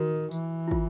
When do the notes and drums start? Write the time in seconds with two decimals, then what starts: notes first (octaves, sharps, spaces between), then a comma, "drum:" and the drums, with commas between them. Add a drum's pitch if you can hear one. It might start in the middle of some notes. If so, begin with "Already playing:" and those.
Already playing: D#3 F#4
0.31 E3, drum: tambourine
0.68 E4
0.71 F4, drum: kick